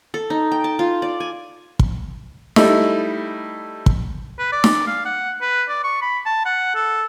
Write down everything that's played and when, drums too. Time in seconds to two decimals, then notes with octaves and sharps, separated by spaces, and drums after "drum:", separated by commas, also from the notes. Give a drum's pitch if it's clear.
0.14 A4
0.30 D#4
0.52 G5
0.64 A5
0.79 F4
1.02 D5
1.20 G#5
1.79 drum: kick
2.56 G3 A3 D#4 E4, drum: snare
3.86 drum: kick
4.39 B4
4.52 D5
4.64 drum: snare
4.87 F5
5.05 F#5
5.41 B4
5.69 D5
5.84 C#6
6.02 B5
6.26 A5
6.45 F#5
6.75 A4